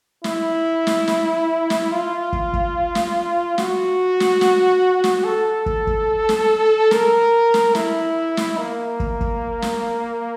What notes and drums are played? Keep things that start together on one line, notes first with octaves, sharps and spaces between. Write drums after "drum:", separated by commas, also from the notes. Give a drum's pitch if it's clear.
E4, drum: snare
drum: snare
drum: snare
drum: snare
F4
drum: kick
drum: kick
drum: snare
F#4, drum: snare
drum: snare
drum: snare
drum: snare
A4
drum: kick
drum: kick
drum: snare
A#4, drum: snare
drum: snare
E4, drum: snare
drum: snare
A#3
drum: kick
drum: kick
drum: snare